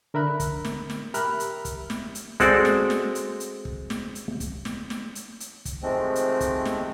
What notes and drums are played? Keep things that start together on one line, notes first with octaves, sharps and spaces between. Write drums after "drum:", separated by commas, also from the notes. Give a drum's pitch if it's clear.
D3 A#4 E5 B5 F#6
drum: kick, hi-hat
drum: snare
drum: snare
G4 A#4 E5 B5 F6 F#6, drum: hi-hat
drum: hi-hat
drum: kick, hi-hat
drum: snare
drum: hi-hat
G#3 C4 F#4 A4 D5, drum: kick, hi-hat
drum: snare
drum: snare
drum: hi-hat
drum: hi-hat
drum: kick
drum: snare
drum: hi-hat
drum: kick, hi-hat
drum: snare
drum: snare
drum: hi-hat
drum: hi-hat
drum: kick, hi-hat
C3 D#3 F3 G#3 A3 C4
drum: hi-hat
drum: kick, hi-hat
drum: snare